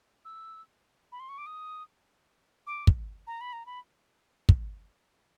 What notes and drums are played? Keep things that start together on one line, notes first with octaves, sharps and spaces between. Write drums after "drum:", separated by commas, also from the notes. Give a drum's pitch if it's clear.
E6
B5
C6
C#6
D6
D#6
D6
drum: kick
A#5
B5
A#5
B5
drum: kick